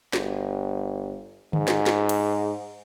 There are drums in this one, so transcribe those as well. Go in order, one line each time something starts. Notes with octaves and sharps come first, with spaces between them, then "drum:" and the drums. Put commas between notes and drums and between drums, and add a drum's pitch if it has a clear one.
G1, drum: snare
G#2, drum: tom D3
drum: snare
drum: snare
drum: cymbal